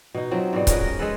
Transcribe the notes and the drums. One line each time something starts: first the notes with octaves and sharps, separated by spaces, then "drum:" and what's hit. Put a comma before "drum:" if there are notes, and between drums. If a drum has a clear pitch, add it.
B2 D#4
F3 F#3 C4
G#2 B2 G3
C#4 G#4 A#4 B4, drum: kick C#1, hi-hat
A#4 D#5
G#3 G#4 A4 B4